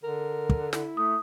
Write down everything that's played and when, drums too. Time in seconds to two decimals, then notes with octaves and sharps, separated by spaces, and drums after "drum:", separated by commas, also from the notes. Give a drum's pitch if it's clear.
0.04 D3 A#4
0.50 drum: kick
0.73 E4, drum: snare
0.97 A3 D#6